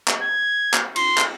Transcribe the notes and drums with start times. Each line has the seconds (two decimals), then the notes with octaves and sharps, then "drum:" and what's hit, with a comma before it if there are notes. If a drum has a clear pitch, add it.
0.08 drum: clap
0.23 G#6
0.74 drum: clap
0.96 C6, drum: cymbal
1.18 drum: clap